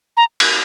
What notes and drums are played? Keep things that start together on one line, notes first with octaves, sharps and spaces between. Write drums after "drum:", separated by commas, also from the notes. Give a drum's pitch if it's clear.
A#5
drum: cymbal